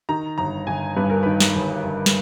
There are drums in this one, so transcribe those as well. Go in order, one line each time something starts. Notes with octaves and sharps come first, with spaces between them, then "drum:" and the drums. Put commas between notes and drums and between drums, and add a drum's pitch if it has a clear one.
D#3 A#5
G1 A#5
G1 G#5
G2 B4
A#4
D#3 B4
drum: snare
G1
G1
drum: snare